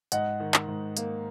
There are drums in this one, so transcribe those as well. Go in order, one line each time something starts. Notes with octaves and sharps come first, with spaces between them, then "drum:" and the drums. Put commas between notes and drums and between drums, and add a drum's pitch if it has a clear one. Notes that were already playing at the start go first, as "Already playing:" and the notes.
G#2 D#5 F#5, drum: hi-hat
D#3
drum: clap
G#2
A#3, drum: hi-hat